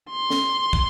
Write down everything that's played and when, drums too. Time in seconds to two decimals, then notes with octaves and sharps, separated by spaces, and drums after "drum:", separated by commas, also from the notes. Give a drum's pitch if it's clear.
0.10 C6
0.30 drum: snare
0.73 drum: kick